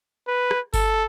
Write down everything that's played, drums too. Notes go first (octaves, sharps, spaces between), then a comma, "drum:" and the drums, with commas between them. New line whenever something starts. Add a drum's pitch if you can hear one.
B4
drum: rim click
A4, drum: kick G1, open hi-hat